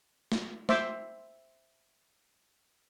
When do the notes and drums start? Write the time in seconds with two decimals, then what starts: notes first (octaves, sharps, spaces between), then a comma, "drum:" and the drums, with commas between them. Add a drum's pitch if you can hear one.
0.32 drum: snare
0.69 C5 E5 D6, drum: snare